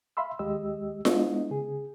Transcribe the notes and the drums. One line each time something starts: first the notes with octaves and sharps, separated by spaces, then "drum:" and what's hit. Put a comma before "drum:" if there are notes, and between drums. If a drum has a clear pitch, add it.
E5 F5 B5 C6 E6
D#2 G#3 G4 D#5 E6
G#3 B3 D4 E4 D#5, drum: snare F4
C#3 G#4